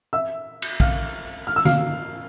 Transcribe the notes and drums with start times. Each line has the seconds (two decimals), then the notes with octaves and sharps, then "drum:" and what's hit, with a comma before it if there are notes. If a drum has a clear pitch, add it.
0.13 E5 E6
0.62 drum: cymbal
0.80 F5 F6, drum: kick
1.47 F6
1.56 E6
1.65 F5 F6, drum: tom D3